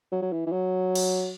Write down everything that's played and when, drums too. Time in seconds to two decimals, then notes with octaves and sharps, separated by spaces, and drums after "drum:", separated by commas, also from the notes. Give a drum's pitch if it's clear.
0.12 F#3
0.22 F#3
0.32 E3
0.46 E3
0.52 F#3
0.95 drum: cymbal